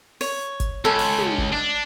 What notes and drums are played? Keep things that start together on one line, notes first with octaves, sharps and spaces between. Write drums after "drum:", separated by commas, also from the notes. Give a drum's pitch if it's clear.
C#5, drum: open hi-hat
drum: kick G#1, hi-hat
C#2 A4 G#5
drum: open hi-hat
drum: tom
drum: kick G#1
D4